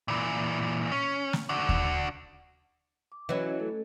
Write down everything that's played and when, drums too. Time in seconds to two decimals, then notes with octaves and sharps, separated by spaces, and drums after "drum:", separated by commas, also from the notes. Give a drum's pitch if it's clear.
0.08 A#2 E3
0.92 C#4
1.33 drum: snare
1.49 D4 F#4
1.69 drum: kick D#2
3.12 D6
3.29 E3 F#3 C#4 C#5 D#5
3.60 A3 A4